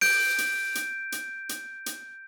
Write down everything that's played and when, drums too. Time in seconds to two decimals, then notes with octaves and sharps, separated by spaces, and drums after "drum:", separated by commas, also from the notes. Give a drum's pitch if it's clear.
0.01 G6 D7, drum: open hi-hat
0.38 drum: hi-hat
0.75 drum: hi-hat
1.12 drum: hi-hat
1.49 drum: hi-hat
1.86 drum: hi-hat